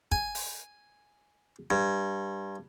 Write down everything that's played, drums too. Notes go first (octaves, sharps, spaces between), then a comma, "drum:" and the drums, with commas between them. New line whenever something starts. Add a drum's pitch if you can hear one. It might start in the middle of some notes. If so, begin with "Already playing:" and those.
G#5, drum: kick
drum: open hi-hat
G2